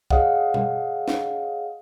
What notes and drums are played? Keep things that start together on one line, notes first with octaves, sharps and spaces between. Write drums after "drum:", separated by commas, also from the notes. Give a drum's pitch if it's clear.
G#4 C#5 D#5 F5 F#5, drum: kick
drum: tom B2
drum: snare